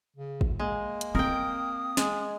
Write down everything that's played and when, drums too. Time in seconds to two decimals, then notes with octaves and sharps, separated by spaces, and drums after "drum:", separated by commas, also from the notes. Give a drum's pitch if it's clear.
0.16 C#3
0.41 drum: kick
0.60 G#3 A#3
1.01 drum: hi-hat
1.15 C4 A#4 G5 D#6
1.97 G#3, drum: snare